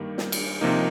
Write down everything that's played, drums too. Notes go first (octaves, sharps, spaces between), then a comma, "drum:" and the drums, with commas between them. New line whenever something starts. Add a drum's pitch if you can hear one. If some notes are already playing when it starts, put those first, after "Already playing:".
Already playing: G2 D#3 G3 A#3
drum: snare
drum: cymbal
C3 F3 A#3 D#4